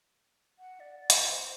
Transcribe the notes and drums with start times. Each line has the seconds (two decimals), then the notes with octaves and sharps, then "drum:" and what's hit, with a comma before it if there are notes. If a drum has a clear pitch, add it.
0.59 F#5
0.80 D5
1.00 D5
1.10 C5, drum: hi-hat
1.19 B4
1.28 C5